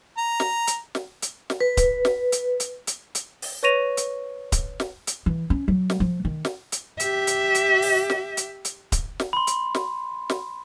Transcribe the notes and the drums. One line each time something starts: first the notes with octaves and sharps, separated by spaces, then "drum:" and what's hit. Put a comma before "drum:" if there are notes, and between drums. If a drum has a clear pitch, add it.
A#5
drum: snare
drum: hi-hat
drum: snare
drum: hi-hat
drum: snare
B4
drum: kick D1, hi-hat
drum: snare
drum: hi-hat
drum: hi-hat
drum: hi-hat
drum: hi-hat
drum: open hi-hat
B4 C#5 C#6 A#6 D#7 F7
drum: hi-hat
drum: kick D1, hi-hat
drum: snare
drum: hi-hat
E3
C#4
F#3
drum: snare
F3
D#3
drum: snare
drum: hi-hat
G4 E5, drum: hi-hat
drum: hi-hat
drum: hi-hat
drum: open hi-hat
drum: snare
drum: hi-hat
drum: hi-hat
drum: kick D1, hi-hat
drum: snare
B5 C6
drum: hi-hat
drum: snare
drum: snare